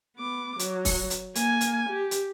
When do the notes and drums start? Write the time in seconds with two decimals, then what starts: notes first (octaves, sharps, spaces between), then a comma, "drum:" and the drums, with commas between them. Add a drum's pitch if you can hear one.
0.16 B3 D6
0.59 F#3, drum: hi-hat
0.85 drum: kick, open hi-hat
1.10 drum: hi-hat
1.35 A#3 G#5, drum: hi-hat
1.61 drum: hi-hat
1.89 G4
2.11 drum: hi-hat